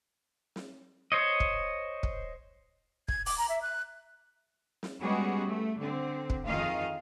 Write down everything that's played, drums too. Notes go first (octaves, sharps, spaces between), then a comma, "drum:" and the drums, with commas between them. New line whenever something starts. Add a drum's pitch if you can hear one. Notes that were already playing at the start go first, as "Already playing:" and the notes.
drum: snare
C5 C#5 D#5
drum: kick
drum: kick
G#6, drum: kick
D6, drum: open hi-hat
A#5
E5
F#6
drum: snare
G3 G#3 B3 C#4 F#4 G#4
A3
D3 C4
drum: kick
F2 D#3 F4 G#4 D#5 F5